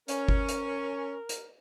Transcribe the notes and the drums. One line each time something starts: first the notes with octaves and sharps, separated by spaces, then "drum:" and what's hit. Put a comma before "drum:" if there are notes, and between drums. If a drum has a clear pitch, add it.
C#4 A#4, drum: hi-hat
drum: kick G1
drum: hi-hat
drum: hi-hat